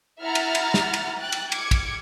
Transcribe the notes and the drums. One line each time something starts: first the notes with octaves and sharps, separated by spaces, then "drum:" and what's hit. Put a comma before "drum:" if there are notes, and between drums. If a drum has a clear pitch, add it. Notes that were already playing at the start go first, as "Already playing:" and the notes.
E4 E5 F#5 A#5 F6 A6
drum: cymbal
drum: cymbal
drum: snare
drum: cymbal
G5 F#6 A6
drum: cymbal
D6 G#6 C#7, drum: cymbal
drum: kick, cymbal